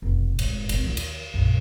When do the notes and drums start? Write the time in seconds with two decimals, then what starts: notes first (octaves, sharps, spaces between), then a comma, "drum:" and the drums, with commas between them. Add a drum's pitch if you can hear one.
0.02 F1 B2
0.39 F1 G#2, drum: cymbal
0.69 A#2 C4, drum: cymbal
0.84 D#2 D#3
0.97 drum: cymbal
1.34 A#1 F#2